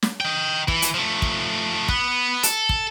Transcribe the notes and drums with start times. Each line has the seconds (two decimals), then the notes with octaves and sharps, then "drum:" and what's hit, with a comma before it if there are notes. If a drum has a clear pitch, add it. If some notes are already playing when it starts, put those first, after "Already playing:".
0.02 drum: snare
0.21 D#5 G5
0.68 E3, drum: kick
0.82 drum: hi-hat
0.94 F3 A3
1.22 drum: kick
1.88 B3, drum: kick
2.43 A4, drum: hi-hat
2.69 drum: kick